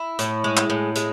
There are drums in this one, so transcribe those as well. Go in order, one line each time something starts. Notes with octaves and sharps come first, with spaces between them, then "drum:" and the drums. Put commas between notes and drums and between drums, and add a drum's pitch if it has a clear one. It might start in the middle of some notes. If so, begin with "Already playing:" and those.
Already playing: E4
A2, drum: hi-hat
G#3
drum: clap
A2
G#3, drum: hi-hat